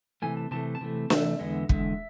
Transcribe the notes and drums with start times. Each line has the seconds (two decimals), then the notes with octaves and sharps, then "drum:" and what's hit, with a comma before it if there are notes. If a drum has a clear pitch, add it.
0.22 C3 E3 A3 G#5
0.37 A5
0.51 C3 E3 A3 A5
0.75 A5
0.81 C3 E3 A3
1.10 C3 E3 A3 E5, drum: snare
1.39 E2 D3 G#3 B3
1.69 E2 D3 G#3 E5, drum: kick